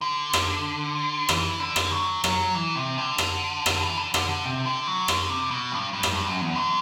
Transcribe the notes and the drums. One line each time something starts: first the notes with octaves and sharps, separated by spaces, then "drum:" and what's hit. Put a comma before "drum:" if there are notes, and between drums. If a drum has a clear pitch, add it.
D3
drum: rim click
E3, drum: rim click
D3
drum: rim click
F#3
F#3, drum: rim click
E3
C3
D3
drum: rim click
drum: rim click
E3
D3
D3, drum: rim click
D3
C3
D3
F#3
D3, drum: rim click
C3
B2
G2
G2
drum: rim click
G2
F#2
E2
F#2